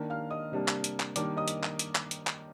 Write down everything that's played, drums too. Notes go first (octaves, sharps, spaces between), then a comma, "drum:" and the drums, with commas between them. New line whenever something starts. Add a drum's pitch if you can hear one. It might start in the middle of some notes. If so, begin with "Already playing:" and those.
Already playing: D#3 A#3 D4
F5 F6
D#5 D#6
C3 G3 A#3 D4
drum: clap
drum: hi-hat
drum: clap
D#3 G3 A#3 D4 D5 D6, drum: hi-hat
D#5 D#6
drum: hi-hat
drum: clap
drum: hi-hat
drum: clap
drum: hi-hat
drum: clap